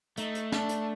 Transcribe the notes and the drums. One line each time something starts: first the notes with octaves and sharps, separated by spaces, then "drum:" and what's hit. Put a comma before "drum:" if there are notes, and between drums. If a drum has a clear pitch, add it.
A3 D#4, drum: hi-hat
drum: hi-hat
D4, drum: snare
drum: hi-hat